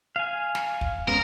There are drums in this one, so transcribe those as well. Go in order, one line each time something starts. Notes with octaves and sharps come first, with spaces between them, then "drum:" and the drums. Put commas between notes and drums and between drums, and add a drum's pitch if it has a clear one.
F5 G#5
drum: snare
drum: kick
G#3 B3 C#4 A#4